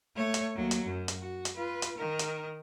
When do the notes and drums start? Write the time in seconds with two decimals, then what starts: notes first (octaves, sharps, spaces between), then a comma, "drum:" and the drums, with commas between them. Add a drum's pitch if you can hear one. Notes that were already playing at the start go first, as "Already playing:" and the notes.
0.15 A3 C#5
0.34 drum: hi-hat
0.55 D#2 F#3
0.71 drum: hi-hat
0.85 F#2
1.08 drum: hi-hat
1.18 F#4
1.45 drum: hi-hat
1.56 F4 B4
1.82 drum: hi-hat
1.97 D#3 A#4
2.19 drum: hi-hat